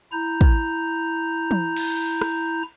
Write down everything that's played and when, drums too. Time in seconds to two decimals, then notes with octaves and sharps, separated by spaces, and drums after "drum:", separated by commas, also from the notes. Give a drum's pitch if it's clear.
0.12 E4 A#5 G6
0.41 drum: kick
1.51 drum: tom E3
1.76 drum: cymbal
2.21 drum: rim click